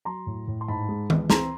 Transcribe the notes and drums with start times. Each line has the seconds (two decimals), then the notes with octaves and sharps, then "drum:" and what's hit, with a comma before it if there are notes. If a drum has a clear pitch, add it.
0.05 F#3 A#5 C6
0.27 A2
0.48 A2
0.61 C6
0.68 G#2 A5 B5
0.89 G#3
1.10 E3, drum: tom D#3
1.30 C4 A#5 C6, drum: snare